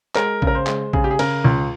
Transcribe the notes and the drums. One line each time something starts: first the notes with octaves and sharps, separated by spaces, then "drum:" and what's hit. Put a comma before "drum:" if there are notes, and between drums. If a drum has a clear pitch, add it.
G#3 A#4, drum: clap
C#3, drum: kick A#1
A#4
C5
G#3, drum: clap
C#3 G#4, drum: kick A#1
G4
G#4
C#3 A#4, drum: cymbal
C#2